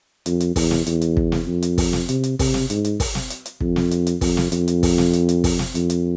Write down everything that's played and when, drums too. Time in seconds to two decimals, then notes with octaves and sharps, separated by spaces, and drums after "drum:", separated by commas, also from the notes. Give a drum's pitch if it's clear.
0.26 F2, drum: hi-hat
0.40 drum: hi-hat
0.56 E2, drum: kick, open hi-hat
0.71 drum: snare
0.86 E2, drum: hi-hat
1.01 drum: hi-hat
1.17 drum: kick
1.32 drum: snare
1.47 F2
1.62 drum: hi-hat
1.78 drum: kick, open hi-hat
1.93 drum: snare
2.09 C3, drum: hi-hat
2.23 drum: hi-hat
2.39 C3, drum: kick, open hi-hat
2.54 drum: snare
2.70 G#2, drum: hi-hat
2.84 drum: hi-hat
3.00 drum: kick, open hi-hat
3.15 drum: snare
3.30 drum: hi-hat
3.46 drum: hi-hat
3.61 F2, drum: kick
3.76 drum: snare
3.91 drum: hi-hat
4.07 drum: hi-hat
4.21 F2, drum: kick, open hi-hat
4.37 drum: snare
4.52 F2, drum: hi-hat
4.68 drum: hi-hat
4.83 drum: kick, open hi-hat
4.98 drum: snare
5.13 drum: hi-hat
5.29 drum: hi-hat
5.44 drum: kick, open hi-hat
5.59 drum: snare
5.75 F2, drum: hi-hat
5.90 drum: hi-hat